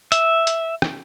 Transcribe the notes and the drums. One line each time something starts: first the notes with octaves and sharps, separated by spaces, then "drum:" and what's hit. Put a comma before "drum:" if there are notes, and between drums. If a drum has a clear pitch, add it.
E5, drum: hi-hat
drum: hi-hat
drum: rim click